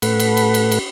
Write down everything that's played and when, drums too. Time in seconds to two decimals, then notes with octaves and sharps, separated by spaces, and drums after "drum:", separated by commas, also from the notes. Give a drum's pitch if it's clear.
0.02 A2 A3 A4 B4 F#5 B5, drum: cymbal
0.20 drum: cymbal
0.37 drum: cymbal
0.54 drum: cymbal
0.72 drum: cymbal